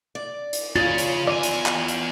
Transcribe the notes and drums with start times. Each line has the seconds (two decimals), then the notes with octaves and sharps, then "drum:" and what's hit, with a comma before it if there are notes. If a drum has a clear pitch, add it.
0.15 D5
0.53 drum: hi-hat
0.76 D#2 C#3 F4 G#4 A6
0.98 drum: hi-hat
1.27 E2 D5 G#5
1.43 drum: hi-hat
1.66 drum: clap
1.88 drum: hi-hat